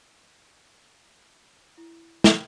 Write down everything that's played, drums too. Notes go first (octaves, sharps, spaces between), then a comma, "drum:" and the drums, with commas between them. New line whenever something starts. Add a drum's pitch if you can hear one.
E4
drum: snare